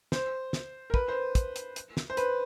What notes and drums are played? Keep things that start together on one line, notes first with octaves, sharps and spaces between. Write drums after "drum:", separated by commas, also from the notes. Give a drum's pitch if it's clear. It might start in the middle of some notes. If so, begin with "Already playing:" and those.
C5, drum: snare
drum: snare
A#4
B4, drum: kick
C5
drum: kick, hi-hat
drum: hi-hat
drum: hi-hat
drum: snare
C5
B4, drum: hi-hat